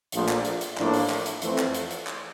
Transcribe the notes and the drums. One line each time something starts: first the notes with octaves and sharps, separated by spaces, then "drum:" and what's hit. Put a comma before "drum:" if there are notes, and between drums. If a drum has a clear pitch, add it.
A#1 A#2 F3 A3, drum: hi-hat
drum: clap
drum: hi-hat
drum: hi-hat
A1 A2 F3 A#3 D4, drum: clap
drum: open hi-hat
drum: clap
drum: hi-hat
F2 E3 A3 C4, drum: hi-hat
drum: clap
drum: hi-hat
drum: hi-hat
drum: clap